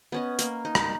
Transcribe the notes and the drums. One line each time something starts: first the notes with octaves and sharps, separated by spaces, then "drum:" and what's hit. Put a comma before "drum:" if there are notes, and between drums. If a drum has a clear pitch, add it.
B3 C#4 D#5
A#3, drum: hi-hat
D#4
drum: rim click